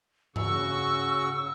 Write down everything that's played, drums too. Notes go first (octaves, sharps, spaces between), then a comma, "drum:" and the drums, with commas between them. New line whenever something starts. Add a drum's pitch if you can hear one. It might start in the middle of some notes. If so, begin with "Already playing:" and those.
C#3 F#4 C#6 E6, drum: tom G2